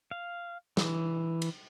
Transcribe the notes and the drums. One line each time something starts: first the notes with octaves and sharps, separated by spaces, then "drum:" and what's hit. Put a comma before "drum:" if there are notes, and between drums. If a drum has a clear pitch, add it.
F5
E3, drum: snare
drum: cymbal